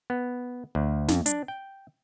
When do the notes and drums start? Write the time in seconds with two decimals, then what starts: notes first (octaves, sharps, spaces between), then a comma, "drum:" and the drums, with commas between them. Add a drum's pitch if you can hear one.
0.10 B3
0.75 D2
1.08 F2, drum: snare
1.26 D4, drum: hi-hat
1.48 G5